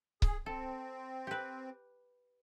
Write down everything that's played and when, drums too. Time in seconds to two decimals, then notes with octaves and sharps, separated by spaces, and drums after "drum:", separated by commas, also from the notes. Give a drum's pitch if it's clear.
0.22 G#4, drum: kick C#1
0.46 C4 A4
1.27 G4 B4